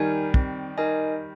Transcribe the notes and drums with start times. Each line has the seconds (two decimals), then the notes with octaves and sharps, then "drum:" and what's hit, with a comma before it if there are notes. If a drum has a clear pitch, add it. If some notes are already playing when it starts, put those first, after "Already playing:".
Already playing: D#3 G3 D#4 A#4 G#5
0.34 C4, drum: kick
0.78 D#4 A#4 D#5 G#5